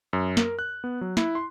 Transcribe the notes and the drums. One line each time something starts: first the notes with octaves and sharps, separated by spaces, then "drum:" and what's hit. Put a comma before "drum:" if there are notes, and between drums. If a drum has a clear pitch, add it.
F#2
A#4, drum: snare
F#6
B3
F#3
E4, drum: snare
C6